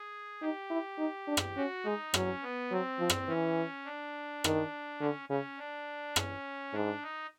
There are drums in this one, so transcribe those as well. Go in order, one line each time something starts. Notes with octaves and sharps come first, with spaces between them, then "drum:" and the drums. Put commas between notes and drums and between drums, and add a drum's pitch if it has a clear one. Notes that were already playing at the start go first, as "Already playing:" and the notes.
Already playing: G#4
D#4 G4
E4
D#4
D4
drum: rim click
C#4 F#4
G#3 D#4
F#3 C#4, drum: rim click
B3
F#3 C4
F3
drum: rim click
E3 C#4
D4
D#3, drum: rim click
D3 C#4
C#3 C#4
D4
C#4, drum: rim click
G#2 D4
D#4